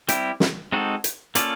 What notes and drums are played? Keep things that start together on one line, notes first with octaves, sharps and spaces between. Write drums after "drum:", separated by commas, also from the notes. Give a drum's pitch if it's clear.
G3 C4 E4 G4, drum: hi-hat
drum: snare
G#3 C4 D#4 F#4 A4
drum: hi-hat
A#3 C#4 F4 A4 D5, drum: hi-hat